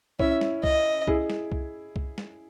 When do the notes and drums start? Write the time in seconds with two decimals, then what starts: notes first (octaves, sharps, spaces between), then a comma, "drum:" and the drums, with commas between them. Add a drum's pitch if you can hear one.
0.19 C#4 E4 E5, drum: kick C2
0.41 drum: snare
0.64 D#5, drum: kick C2
1.07 E4 G#4, drum: kick C2
1.30 drum: snare
1.52 drum: kick C2
1.96 drum: kick C2
2.18 drum: snare